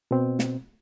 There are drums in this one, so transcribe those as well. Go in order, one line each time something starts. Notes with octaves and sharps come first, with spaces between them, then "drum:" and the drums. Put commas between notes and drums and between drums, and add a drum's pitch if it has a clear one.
B2 C4
drum: snare